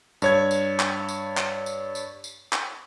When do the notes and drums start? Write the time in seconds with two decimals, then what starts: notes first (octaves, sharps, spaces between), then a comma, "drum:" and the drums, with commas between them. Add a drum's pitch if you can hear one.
0.22 G2 C#5 G#6, drum: tambourine
0.51 drum: tambourine
0.80 drum: clap
1.09 drum: tambourine
1.37 drum: clap
1.66 drum: tambourine
1.95 drum: tambourine
2.24 drum: tambourine
2.53 drum: clap